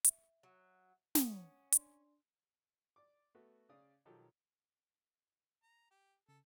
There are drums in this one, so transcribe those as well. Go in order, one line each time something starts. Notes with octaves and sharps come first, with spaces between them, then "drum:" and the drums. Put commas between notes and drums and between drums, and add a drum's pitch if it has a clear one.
E5, drum: hi-hat
F#3
C#4 F#5 D#6, drum: snare
D4 D5 C6, drum: hi-hat
D5 D6
A3 B3 F#4
C#3 D5 F5 D#6
B1 D#3 F3 F#3 G4 A4
A#5
G4
C#3 A4